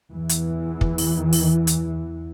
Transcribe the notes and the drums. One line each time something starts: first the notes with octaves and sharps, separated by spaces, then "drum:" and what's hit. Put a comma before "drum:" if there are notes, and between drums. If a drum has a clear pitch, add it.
E2 E3
drum: hi-hat
drum: kick
drum: open hi-hat
drum: open hi-hat
drum: hi-hat